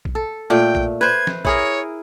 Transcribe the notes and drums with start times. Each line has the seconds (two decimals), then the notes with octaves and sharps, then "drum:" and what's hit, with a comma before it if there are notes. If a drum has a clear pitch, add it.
0.05 drum: kick A#1
0.15 A4
0.50 A#2 A3 G5
0.75 drum: kick A#1
1.01 B4 C5 G#6
1.27 drum: snare
1.45 E4 G#4 A#4 C#5, drum: kick A#1